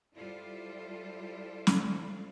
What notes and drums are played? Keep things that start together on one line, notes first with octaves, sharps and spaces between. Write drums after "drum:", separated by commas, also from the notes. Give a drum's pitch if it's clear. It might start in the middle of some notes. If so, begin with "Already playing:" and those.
G3 E4 F4 A4 C5
drum: snare